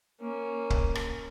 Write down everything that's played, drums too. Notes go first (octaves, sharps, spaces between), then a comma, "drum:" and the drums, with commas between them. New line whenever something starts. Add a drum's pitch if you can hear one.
A#3 C#4
drum: kick C#1
drum: rim click